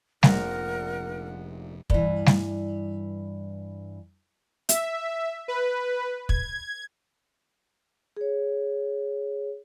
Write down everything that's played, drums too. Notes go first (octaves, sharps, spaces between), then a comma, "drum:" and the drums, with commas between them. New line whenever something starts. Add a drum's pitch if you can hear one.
F1 A#1 A#2 A#4 F#5 A#5, drum: snare G3
G2 E3, drum: kick
drum: snare G3
E5, drum: hi-hat
B4
G#6, drum: kick
G#4 C#5